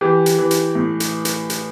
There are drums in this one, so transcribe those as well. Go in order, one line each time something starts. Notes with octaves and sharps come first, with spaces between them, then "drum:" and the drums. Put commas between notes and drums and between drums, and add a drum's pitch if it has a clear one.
E3 G4
drum: hi-hat
E3
drum: hi-hat
A2
drum: hi-hat
drum: hi-hat
drum: hi-hat